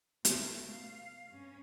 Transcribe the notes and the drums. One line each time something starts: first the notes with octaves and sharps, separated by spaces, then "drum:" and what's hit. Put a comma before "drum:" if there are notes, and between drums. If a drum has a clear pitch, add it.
B2 A3, drum: hi-hat
F5
G2 C#4